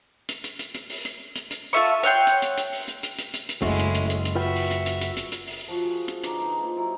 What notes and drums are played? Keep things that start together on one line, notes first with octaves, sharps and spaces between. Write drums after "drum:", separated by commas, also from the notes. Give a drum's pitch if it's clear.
drum: hi-hat
drum: hi-hat
drum: hi-hat
drum: hi-hat
drum: open hi-hat
drum: hi-hat
drum: hi-hat
drum: hi-hat
F4 A4 E5 C#6
C#5 F#5 G5 C6
drum: hi-hat
drum: hi-hat
drum: hi-hat
drum: open hi-hat
drum: hi-hat
drum: hi-hat
drum: hi-hat
drum: hi-hat
drum: hi-hat
F#1 G#3 A3 C#4 E4 F#4, drum: open hi-hat
drum: hi-hat
drum: hi-hat
drum: hi-hat
drum: hi-hat
F4 F#4 B4 E5 G5
drum: open hi-hat
drum: hi-hat
drum: hi-hat
drum: hi-hat
drum: hi-hat
drum: hi-hat
drum: open hi-hat
F3 F#4
G#4 F5
drum: hi-hat
D3 D#4 B4 D6, drum: hi-hat
D#4
A#3 E4 F4 C5
F#3 D#4 E4